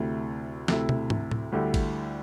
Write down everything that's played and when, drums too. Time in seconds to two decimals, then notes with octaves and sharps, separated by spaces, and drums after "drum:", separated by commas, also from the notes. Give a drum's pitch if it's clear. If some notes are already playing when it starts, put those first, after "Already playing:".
Already playing: D2 C3 A3 E4
0.68 D2 C3 A3 E4, drum: snare
0.89 drum: tom
1.10 drum: tom
1.31 drum: tom A2
1.52 D2 D3 G3 E4
1.74 drum: kick, cymbal